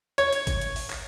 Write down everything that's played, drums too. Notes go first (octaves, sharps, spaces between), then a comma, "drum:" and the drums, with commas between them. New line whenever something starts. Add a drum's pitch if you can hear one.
C#5, drum: hi-hat
drum: hi-hat
drum: kick G#1, hi-hat
drum: hi-hat
drum: open hi-hat
drum: clap